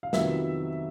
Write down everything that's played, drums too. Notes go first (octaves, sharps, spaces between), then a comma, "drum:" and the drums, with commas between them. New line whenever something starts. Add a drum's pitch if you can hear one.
F5
F2 C3 D#3 F#3 B3 E5, drum: snare